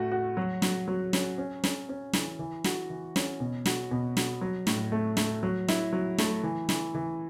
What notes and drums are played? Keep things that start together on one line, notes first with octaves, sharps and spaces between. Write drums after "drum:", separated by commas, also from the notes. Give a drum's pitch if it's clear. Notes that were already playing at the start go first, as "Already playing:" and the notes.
Already playing: A2 A3 F#4
F#4
F#3
F#3, drum: snare
F#3
C#4, drum: snare
C#4
C#4, drum: snare
C#4
E3, drum: snare
E3
F#4, drum: snare
E3
C#4, drum: snare
B2
F#4, drum: snare
B2
F#4, drum: snare
F#3
A2, drum: snare
A3
A3, drum: snare
F#3
E4, drum: snare
F#3
A3, drum: snare
E3
E3, drum: snare
E3